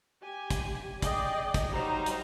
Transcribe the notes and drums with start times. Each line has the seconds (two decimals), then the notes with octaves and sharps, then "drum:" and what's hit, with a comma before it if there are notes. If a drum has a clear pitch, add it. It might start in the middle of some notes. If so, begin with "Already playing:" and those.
0.24 G4 G#5
0.50 drum: kick, hi-hat
1.02 G#4 D5 D#5 G5, drum: kick, hi-hat
1.54 drum: kick, hi-hat
1.72 F#3 G3 D#4 C5 A#5
2.06 drum: hi-hat